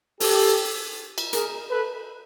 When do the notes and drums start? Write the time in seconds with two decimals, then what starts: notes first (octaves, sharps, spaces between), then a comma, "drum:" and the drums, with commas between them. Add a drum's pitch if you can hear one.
0.20 G4 A4, drum: open hi-hat
1.18 drum: cymbal
1.33 G#4 A#4, drum: hi-hat
1.70 A4 B4